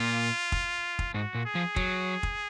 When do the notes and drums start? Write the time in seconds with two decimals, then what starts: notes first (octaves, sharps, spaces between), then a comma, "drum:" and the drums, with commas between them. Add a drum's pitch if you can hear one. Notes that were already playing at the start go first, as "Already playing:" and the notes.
Already playing: A#2 F4
0.52 drum: kick
0.99 drum: kick
1.14 G#2 F#4
1.35 A#2
1.45 G#4
1.55 F3
1.76 F#3, drum: kick
2.23 drum: kick